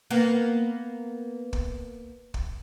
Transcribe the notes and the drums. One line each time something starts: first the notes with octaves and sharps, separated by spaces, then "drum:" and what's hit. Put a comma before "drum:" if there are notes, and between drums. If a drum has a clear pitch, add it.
A#3 B3
drum: kick
drum: kick